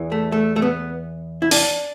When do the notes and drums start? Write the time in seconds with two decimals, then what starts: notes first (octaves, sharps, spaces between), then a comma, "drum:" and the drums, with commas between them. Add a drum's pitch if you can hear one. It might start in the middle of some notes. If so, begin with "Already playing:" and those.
Already playing: E2 E3
0.12 A3
0.32 A3
0.56 A3
0.62 B3
1.42 E4
1.51 D4, drum: open hi-hat